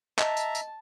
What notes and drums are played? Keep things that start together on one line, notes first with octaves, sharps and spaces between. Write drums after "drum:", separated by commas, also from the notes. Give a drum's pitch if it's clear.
D#5 E5 A5 A#5, drum: clap
drum: tambourine
drum: tambourine